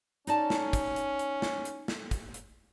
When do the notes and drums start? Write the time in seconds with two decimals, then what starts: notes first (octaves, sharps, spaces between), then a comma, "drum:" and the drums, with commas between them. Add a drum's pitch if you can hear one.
0.27 C#4 D#4 D5 A5, drum: hi-hat
0.50 drum: snare
0.73 drum: kick, hi-hat
0.96 drum: hi-hat
1.19 drum: hi-hat
1.42 drum: snare
1.65 drum: hi-hat
1.88 drum: snare
2.11 drum: kick, hi-hat
2.34 drum: hi-hat